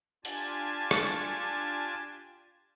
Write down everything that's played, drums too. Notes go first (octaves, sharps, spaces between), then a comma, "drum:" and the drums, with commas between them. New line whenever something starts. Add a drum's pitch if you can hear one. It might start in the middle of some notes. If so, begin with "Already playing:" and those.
D4 F4 G4 G#5 A5, drum: open hi-hat
drum: rim click